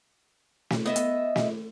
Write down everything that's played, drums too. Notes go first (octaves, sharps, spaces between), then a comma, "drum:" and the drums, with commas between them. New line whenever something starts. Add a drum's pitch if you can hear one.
drum: snare
B3 D#5 E5
drum: hi-hat
drum: snare